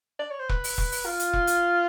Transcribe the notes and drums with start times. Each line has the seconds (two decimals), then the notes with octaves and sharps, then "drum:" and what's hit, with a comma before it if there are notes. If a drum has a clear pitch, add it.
0.19 D5
0.30 C#5
0.39 C5
0.49 B4, drum: kick E1
0.64 drum: open hi-hat
0.78 drum: kick E1
0.92 drum: open hi-hat
1.06 F4
1.20 drum: hi-hat
1.33 drum: kick E1
1.47 drum: hi-hat